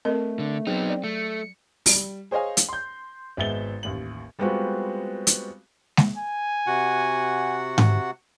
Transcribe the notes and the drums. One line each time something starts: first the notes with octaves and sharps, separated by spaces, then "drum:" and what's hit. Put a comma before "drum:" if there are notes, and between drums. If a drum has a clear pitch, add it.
A3 C4 A#4 D#5
D3
F#3 B3 C4 D#4 G#4
D5
A3 C#7
G3, drum: open hi-hat
G#4 C5 C#5 D#5 F5 G#5
drum: hi-hat
C6 G6
G#1 G#3 B3 E5 A6 G7
A1 D#2 F#7
G3 G#3 B3 C4 F4 F#4
drum: hi-hat
drum: snare G#3
G#5
C3 F#4 F#5
drum: tom G#2